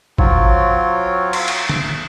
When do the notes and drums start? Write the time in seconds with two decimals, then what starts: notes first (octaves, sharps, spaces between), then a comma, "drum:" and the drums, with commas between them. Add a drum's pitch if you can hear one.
0.18 F#3 C4 F4 C#5, drum: kick G#1
1.33 drum: cymbal
1.48 drum: cymbal
1.69 drum: tom D3